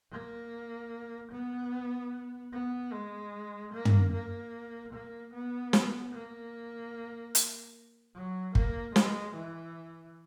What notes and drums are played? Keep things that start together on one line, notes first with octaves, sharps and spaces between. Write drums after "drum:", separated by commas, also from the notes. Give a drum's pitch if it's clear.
A#3
B3
B3
G#3
A#3
drum: tom
A#3
A#3
B3
drum: snare
A#3
drum: hi-hat
F#3
A#3, drum: kick
G#3, drum: snare
E3